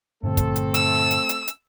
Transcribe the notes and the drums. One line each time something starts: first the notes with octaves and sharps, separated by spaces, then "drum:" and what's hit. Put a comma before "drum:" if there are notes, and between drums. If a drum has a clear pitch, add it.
G2 A#2 D3 A3 C4 A4
drum: kick, hi-hat
drum: hi-hat
E6, drum: hi-hat
drum: hi-hat
drum: hi-hat
drum: hi-hat